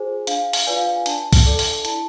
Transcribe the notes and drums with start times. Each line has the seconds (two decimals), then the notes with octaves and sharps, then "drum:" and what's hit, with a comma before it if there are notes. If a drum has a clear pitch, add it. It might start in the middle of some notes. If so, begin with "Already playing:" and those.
Already playing: F4 G#4 C5 G#5
0.27 D4 F5, drum: hi-hat
0.53 drum: open hi-hat
0.67 F4 B4 D5 G#5
0.76 F5
0.86 G#5
1.06 D4 A5, drum: hi-hat
1.33 drum: kick, open hi-hat
1.46 A4 D5
1.59 drum: open hi-hat
1.85 E4 A5, drum: hi-hat